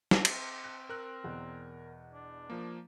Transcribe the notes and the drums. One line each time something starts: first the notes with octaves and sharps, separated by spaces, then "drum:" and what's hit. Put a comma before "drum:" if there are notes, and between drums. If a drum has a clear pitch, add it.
drum: snare
C4, drum: cymbal
F#6
A#4 E6 F#6
E2 B2
D4
F3 A#3